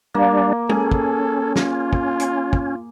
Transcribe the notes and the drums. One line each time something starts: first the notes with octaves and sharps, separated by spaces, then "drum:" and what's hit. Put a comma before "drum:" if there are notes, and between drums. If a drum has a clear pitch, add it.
G3 A#3 D4
C#4 G#4 A4, drum: tom
drum: kick
F4, drum: snare
drum: kick
drum: hi-hat
drum: kick